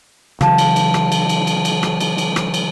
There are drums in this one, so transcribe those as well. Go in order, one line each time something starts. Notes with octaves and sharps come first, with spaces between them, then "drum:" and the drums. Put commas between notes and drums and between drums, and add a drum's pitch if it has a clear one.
C#3 E3 F#3 F5 A5, drum: rim click
drum: cymbal
drum: cymbal
drum: rim click
drum: cymbal
drum: cymbal
drum: cymbal
drum: cymbal
drum: rim click
drum: cymbal
drum: cymbal
drum: rim click
drum: cymbal